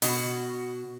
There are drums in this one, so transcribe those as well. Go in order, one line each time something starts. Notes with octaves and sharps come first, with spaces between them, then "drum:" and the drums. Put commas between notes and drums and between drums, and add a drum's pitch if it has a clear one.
B2 F#4, drum: open hi-hat